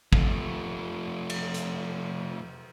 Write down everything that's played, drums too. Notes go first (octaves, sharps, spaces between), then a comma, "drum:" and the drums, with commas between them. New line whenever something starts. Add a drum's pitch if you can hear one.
F3 A3, drum: kick
drum: cymbal
drum: hi-hat